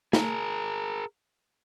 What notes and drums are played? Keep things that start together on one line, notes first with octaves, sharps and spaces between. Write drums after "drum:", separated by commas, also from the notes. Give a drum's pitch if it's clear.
G#4 A#4, drum: snare